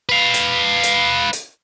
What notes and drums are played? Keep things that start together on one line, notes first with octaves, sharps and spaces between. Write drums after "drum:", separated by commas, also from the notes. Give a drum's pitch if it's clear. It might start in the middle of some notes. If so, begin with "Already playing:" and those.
B4 F5
drum: hi-hat
drum: hi-hat
drum: hi-hat